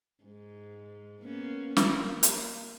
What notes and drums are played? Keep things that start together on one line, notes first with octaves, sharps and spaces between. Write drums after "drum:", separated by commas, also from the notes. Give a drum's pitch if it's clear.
G#2
A#3 B3 C#4
A#3, drum: snare
drum: hi-hat